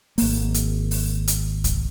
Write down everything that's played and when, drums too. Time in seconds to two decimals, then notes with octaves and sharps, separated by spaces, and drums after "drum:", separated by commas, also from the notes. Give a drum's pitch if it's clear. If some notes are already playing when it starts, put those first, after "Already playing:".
0.18 G#1 A#3, drum: open hi-hat
0.54 drum: hi-hat
0.91 drum: open hi-hat
1.28 drum: hi-hat
1.64 drum: kick C2, hi-hat